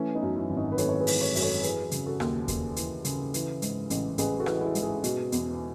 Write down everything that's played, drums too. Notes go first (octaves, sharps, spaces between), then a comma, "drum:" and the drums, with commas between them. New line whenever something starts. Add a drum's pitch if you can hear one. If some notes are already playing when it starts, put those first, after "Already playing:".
Already playing: E3 A3 C#4
B3 D#4
F#2
C#4 E4
G#1
D#4 F#4
B4
G#1 A4 C#5, drum: hi-hat
C#5
G#4 B4
E3, drum: open hi-hat
A4 C#5
F#2, drum: open hi-hat
A4 C#5
E3 G#4 B4, drum: hi-hat
C#3, drum: hi-hat
F#4 A4
D#2, drum: rim click
D#2, drum: kick E2, hi-hat
E3, drum: hi-hat
C#3, drum: hi-hat
E3, drum: hi-hat
G#2, drum: hi-hat
A1, drum: hi-hat
A1 G#4 B4, drum: hi-hat
F#4 A4
E3, drum: rim click
E4 G#4
G#2, drum: hi-hat
E4 G#4
B2, drum: hi-hat
E2, drum: hi-hat